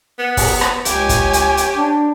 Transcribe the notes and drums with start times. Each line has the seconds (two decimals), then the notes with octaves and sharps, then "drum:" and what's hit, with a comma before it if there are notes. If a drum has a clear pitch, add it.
0.19 B3
0.37 drum: kick, open hi-hat
0.61 drum: rim click
0.85 C#2 G4 C#5 G#5, drum: hi-hat
1.09 drum: kick, hi-hat
1.33 drum: hi-hat
1.57 drum: hi-hat
1.76 D4